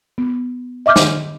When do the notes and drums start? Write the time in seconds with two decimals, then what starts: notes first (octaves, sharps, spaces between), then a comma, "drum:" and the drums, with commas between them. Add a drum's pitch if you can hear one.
0.18 B3
0.86 D#5 E5 D6 F6 G6
0.96 drum: snare